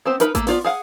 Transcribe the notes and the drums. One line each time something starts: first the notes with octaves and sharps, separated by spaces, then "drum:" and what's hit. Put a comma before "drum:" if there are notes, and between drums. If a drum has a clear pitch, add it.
B3 C4 C5
D#4 A#4 B4 B5, drum: hi-hat
A3 A#3, drum: kick A1, hi-hat
B3 F4 D5, drum: open hi-hat
G#4 F5 F#5